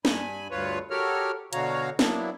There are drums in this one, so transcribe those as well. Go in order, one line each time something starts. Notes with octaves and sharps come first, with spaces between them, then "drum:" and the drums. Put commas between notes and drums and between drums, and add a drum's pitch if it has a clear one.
G2 G#5 B5, drum: snare
D2 G2 F4 B4 C#5
F#4 G4 A4 A#4 C#5 F6
B2 D3 F#4 C#5 F5 A#5, drum: hi-hat
F#3 A#3 B3 D4 E4, drum: snare